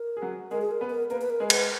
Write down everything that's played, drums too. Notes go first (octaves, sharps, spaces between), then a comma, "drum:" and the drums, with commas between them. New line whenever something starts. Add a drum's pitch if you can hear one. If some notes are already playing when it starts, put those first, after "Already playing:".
Already playing: A#4
G#4
F#3 F#4
G#3 G#4 A#4
G#4
A#4
B3 B4
A#4
A#3 A#4 B4
B4
A#4
G#3 G#4
B4, drum: cymbal